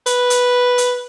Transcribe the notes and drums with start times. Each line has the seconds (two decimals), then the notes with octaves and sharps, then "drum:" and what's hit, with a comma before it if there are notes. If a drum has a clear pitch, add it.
0.06 B4, drum: hi-hat
0.30 drum: hi-hat
0.78 drum: hi-hat